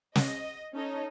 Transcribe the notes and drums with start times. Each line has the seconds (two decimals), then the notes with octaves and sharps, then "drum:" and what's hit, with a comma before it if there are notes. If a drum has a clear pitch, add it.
0.15 D#5, drum: snare
0.74 C#4 D#4 A4 C#5 D#5